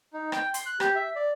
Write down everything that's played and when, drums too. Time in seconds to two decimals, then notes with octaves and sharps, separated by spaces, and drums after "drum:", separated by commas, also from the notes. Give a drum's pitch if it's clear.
0.13 D#4
0.32 G5, drum: rim click
0.54 C6, drum: hi-hat
0.66 F#6
0.80 G4, drum: rim click
0.95 E5
1.16 D5